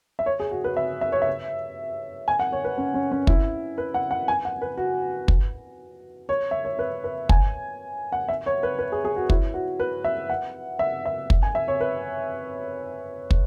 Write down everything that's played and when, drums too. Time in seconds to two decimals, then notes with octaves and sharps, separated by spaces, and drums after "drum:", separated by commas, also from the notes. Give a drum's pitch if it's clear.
0.19 E5
0.26 C#5
0.40 G#4
0.51 F#4
0.64 B4
0.77 E5
1.01 E5
1.12 C#5
1.22 E5
2.28 G#5
2.39 F#5
2.52 C#5
2.64 B4
2.78 C#4
2.94 C#4
3.12 C#4
3.27 E4, drum: kick
3.78 B4
3.94 F#5
4.11 F#5
4.28 G#5
4.45 F#5
4.62 B4
4.77 F#4
5.28 drum: kick
6.29 C#5
6.51 E5
6.65 C#5
6.79 B4
7.04 B4
7.29 G#5, drum: kick
8.12 F#5
8.28 E5
8.46 C#5
8.63 B4
8.79 B4
8.92 G#4
9.05 G#4
9.16 F#4
9.30 E4, drum: kick
9.54 F#4
9.80 B4
10.04 E5
10.30 F#5
10.79 E5
11.05 E5
11.30 drum: kick
11.43 G#5
11.55 E5
11.68 C#5
11.81 B4
13.31 drum: kick